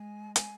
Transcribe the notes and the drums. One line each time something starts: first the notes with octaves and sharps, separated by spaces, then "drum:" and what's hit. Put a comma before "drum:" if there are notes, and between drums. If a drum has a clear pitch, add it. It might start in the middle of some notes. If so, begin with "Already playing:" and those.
Already playing: G#3 G#5
G#5, drum: hi-hat